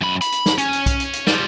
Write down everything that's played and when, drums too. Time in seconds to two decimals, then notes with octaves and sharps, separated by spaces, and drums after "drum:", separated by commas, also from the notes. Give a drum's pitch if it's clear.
0.01 F#2 B5
0.21 B5, drum: hi-hat
0.32 drum: hi-hat
0.46 drum: snare
0.58 C#4, drum: hi-hat
0.73 drum: hi-hat
0.86 drum: kick B1, hi-hat
1.00 drum: hi-hat
1.13 drum: hi-hat
1.27 G3 F4, drum: snare